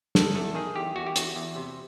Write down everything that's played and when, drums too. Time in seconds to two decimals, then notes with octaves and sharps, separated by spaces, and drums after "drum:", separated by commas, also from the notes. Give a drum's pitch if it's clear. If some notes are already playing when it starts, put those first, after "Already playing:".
0.15 D#3 A4, drum: snare
0.35 E2 A4
0.55 D#3 G#4
0.76 E2 G4
0.96 E2 F#4
1.07 G4
1.16 E2 F#4, drum: hi-hat
1.36 E2
1.56 C3